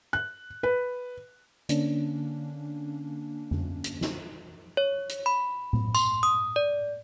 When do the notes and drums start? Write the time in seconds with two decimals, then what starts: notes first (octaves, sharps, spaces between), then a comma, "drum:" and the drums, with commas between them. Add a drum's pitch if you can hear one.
0.13 F#6
0.63 B4
1.69 D3 A#3 C#4 D4, drum: hi-hat
3.51 drum: tom F2
3.84 drum: hi-hat
4.01 drum: snare
4.77 C#5
5.09 drum: hi-hat
5.26 B5
5.73 drum: tom A2
5.95 C6, drum: tambourine
6.23 D#6
6.56 D5